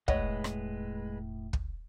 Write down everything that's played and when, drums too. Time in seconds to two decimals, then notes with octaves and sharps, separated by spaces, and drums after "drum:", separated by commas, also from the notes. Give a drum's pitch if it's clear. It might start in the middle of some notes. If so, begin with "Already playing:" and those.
0.08 E1 A2 G#3 B4 C#5 D#5 F#5, drum: kick
0.44 drum: rim click
1.53 drum: kick